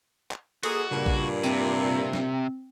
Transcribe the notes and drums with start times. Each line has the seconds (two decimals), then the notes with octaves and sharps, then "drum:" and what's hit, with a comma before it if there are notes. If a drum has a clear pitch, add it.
0.31 drum: clap
0.63 A#3 F#4 G#4 A4, drum: cymbal
0.91 G2 A#2 C#3
1.06 drum: kick
1.44 C3 C4, drum: tambourine
2.13 drum: snare